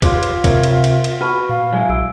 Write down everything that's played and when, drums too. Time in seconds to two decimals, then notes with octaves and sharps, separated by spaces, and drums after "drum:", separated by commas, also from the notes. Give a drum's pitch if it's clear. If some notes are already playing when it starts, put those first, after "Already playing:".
0.02 F4 G4 G#4 B4 C#5 C6 D6, drum: kick, cymbal
0.23 drum: cymbal
0.44 C3 A#4 C5 C#5 E5, drum: kick, cymbal
0.63 drum: cymbal
0.84 drum: cymbal
1.04 drum: cymbal
1.21 F#4 B4 B5 C#6 F6
1.49 A#2 F5
1.73 F#3 G#3 E4 G#5
1.89 B1 E6 D7